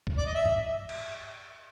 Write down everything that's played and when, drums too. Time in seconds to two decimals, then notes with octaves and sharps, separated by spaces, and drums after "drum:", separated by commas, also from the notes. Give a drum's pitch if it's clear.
0.07 drum: kick C2
0.17 D5
0.26 D#5
0.35 E5
0.45 drum: tom
0.89 drum: cymbal